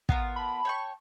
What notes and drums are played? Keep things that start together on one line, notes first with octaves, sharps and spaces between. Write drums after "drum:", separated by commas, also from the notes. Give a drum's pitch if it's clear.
B3 F4 A#4, drum: kick
A5 B5
C#5 G5 C#6